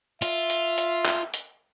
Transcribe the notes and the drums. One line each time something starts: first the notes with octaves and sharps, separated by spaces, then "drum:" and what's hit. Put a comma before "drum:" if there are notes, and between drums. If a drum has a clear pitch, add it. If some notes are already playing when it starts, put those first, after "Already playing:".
F4 E5, drum: hi-hat
drum: hi-hat
drum: hi-hat
drum: clap
drum: hi-hat